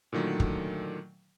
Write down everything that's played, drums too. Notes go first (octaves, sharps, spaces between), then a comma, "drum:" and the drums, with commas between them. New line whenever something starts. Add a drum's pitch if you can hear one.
A#2 D3 D#3 F#3 A3
drum: kick